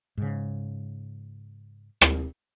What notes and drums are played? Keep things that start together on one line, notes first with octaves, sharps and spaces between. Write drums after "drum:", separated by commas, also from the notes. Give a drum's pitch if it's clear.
G#2 C#3
drum: rim click